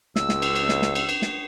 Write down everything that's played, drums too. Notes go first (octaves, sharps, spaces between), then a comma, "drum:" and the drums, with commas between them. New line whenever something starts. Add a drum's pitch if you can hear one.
C#2 E6, drum: snare
drum: snare
drum: cymbal
drum: cymbal
drum: snare
drum: snare
drum: cymbal
drum: cymbal
drum: snare